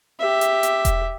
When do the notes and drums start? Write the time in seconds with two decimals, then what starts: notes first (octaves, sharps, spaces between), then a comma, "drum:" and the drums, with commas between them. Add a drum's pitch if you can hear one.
0.19 G4 E5
0.41 drum: hi-hat
0.63 drum: hi-hat
0.85 drum: kick E1, hi-hat